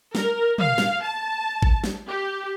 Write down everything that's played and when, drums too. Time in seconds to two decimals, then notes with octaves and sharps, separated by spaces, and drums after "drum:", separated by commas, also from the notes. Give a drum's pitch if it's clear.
0.15 A#4, drum: snare
0.58 F5, drum: tom
0.78 drum: snare
1.03 A5
1.62 drum: kick G#1
1.84 drum: snare
2.08 G4